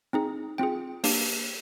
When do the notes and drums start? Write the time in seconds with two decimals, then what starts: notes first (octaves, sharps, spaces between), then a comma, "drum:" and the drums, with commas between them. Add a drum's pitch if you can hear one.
0.13 C4 D#4 G#4
0.58 C4 F4 G#4 G5
1.04 A#3 D4 G4, drum: open hi-hat